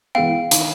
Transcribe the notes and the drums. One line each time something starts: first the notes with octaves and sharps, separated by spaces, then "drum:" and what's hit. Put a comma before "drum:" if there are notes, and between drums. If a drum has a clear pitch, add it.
E3 G#3 B3 F5 G5
D#3, drum: hi-hat